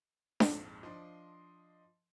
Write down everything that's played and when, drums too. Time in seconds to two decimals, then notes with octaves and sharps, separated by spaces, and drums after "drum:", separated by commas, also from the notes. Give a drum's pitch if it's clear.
0.40 A#1 F2 G#2 A5, drum: snare D4
0.83 F3 D4 D#5 C6